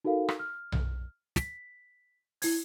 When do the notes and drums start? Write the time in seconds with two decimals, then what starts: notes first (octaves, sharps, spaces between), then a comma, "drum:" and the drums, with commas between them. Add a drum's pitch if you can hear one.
0.05 D#4 F#4 A4 A#4 F5
0.29 drum: rim click
0.39 F6
0.72 drum: tom B1
1.36 B6, drum: snare
2.42 E4 G#6, drum: open hi-hat